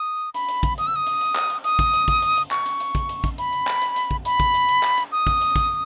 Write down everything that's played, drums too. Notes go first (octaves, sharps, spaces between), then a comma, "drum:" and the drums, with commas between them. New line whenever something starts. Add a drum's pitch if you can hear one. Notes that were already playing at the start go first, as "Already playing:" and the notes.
Already playing: D#6
B5, drum: hi-hat
drum: hi-hat
drum: kick, hi-hat
D#6, drum: hi-hat
E6
D#6
drum: hi-hat
drum: hi-hat
drum: clap
drum: hi-hat
D#6, drum: hi-hat
drum: kick, hi-hat
drum: hi-hat
drum: kick, hi-hat
drum: hi-hat
drum: hi-hat
C#6, drum: clap
drum: hi-hat
drum: hi-hat
drum: kick, hi-hat
drum: hi-hat
drum: kick, hi-hat
B5, drum: hi-hat
drum: hi-hat
drum: clap
drum: hi-hat
drum: hi-hat
drum: kick
B5, drum: hi-hat
drum: kick, hi-hat
drum: hi-hat
drum: hi-hat
drum: clap
drum: hi-hat
D#6
drum: kick, hi-hat
drum: hi-hat
drum: kick, hi-hat